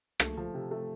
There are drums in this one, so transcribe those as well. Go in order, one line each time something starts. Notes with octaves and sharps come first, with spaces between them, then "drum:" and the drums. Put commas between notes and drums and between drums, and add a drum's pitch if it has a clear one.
A3, drum: rim click
F3
C3
A3